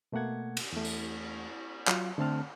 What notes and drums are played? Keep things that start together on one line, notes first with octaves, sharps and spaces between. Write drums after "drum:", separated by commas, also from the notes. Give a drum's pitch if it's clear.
B2 A3 A#3 F#5 G#6
drum: cymbal
E2 A3
drum: tambourine
F#3 F4, drum: clap
D3 A3 C4 A5 F6